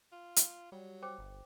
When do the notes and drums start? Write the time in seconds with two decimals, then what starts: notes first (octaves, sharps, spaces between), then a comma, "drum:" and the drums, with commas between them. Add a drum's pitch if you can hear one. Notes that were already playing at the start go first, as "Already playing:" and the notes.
0.12 F4
0.36 drum: hi-hat
0.72 F#3 G3
1.03 C5 G5 D6
1.18 G1